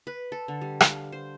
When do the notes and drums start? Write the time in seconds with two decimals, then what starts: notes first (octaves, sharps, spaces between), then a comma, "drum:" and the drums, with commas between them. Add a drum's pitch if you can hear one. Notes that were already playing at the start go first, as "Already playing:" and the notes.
0.07 B4
0.32 A4
0.48 D3
0.62 G3
0.80 F5, drum: rim click
1.12 C5